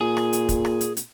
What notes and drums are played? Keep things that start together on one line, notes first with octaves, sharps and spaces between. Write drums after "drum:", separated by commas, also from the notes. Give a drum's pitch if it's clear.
A#2 G#4
drum: rim click
drum: hi-hat
drum: kick, hi-hat
drum: rim click
drum: hi-hat
drum: hi-hat